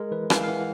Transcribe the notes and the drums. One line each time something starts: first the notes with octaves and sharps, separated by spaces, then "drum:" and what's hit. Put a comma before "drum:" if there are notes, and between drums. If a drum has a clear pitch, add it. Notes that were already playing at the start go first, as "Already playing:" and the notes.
Already playing: G#3 A#4
E3 B4
E3 F5, drum: rim click
F5
E3 F#5